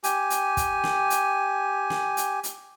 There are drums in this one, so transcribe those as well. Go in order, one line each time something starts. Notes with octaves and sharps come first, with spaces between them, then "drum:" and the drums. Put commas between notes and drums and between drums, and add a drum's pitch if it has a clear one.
G4 G#5, drum: hi-hat
drum: hi-hat
drum: kick, hi-hat
drum: snare
drum: hi-hat
drum: snare
drum: hi-hat
drum: hi-hat